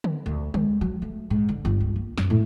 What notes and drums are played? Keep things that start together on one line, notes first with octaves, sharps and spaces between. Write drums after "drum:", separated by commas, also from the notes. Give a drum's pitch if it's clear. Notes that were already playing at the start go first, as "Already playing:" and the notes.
drum: tom D3
D2
G#3, drum: tom D3
F#3
A3
G#2
D3
G1
C#2
A#3
F#2, drum: snare
A2